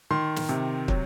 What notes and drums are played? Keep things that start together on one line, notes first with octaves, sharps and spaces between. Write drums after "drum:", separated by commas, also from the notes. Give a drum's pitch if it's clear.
D#3 C6
drum: snare
C3
F#3, drum: kick